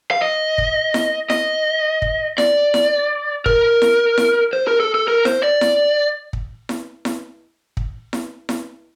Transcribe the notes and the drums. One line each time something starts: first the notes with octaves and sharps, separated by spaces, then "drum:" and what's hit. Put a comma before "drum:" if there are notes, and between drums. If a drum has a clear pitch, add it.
F5
D#5
drum: kick
drum: snare E4
D#5, drum: snare E4
drum: kick
D5, drum: snare E4
drum: snare E4
A#4, drum: kick
drum: snare E4
drum: snare E4
C5
A#4
A4
A4
A#4
C5, drum: snare E4
D5
drum: snare E4
drum: kick
drum: snare E4
drum: snare E4
drum: kick
drum: snare E4
drum: snare E4